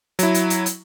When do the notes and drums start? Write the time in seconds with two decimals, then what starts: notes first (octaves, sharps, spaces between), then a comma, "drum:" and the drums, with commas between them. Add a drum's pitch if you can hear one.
0.19 F#3 E4, drum: hi-hat
0.34 drum: hi-hat
0.50 drum: hi-hat
0.66 drum: hi-hat